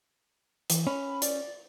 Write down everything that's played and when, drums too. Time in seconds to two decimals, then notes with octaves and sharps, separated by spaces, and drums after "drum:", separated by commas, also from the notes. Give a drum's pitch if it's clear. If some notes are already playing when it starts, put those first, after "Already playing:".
0.70 E3, drum: hi-hat
0.87 C#4 B5
1.22 D5, drum: hi-hat